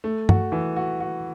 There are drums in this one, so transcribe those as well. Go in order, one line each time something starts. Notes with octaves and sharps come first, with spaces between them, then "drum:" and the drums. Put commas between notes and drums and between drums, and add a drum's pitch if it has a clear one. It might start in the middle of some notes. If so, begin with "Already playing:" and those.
A3
F#4, drum: tom G2
E3
F#4
F#4